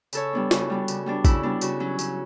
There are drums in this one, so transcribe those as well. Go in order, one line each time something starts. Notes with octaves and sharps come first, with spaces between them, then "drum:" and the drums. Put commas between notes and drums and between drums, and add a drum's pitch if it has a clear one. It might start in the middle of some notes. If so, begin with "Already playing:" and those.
C#3 A4 C#5, drum: tambourine
G3 B3 D4
C#3 F#4, drum: snare
G3 B3 D4
C#3, drum: tambourine
G3 B3 D4
C#3 E4, drum: kick A1, tambourine
G3 B3 D4
C#3 F#4, drum: tambourine
F#3 C#4
C#3, drum: tambourine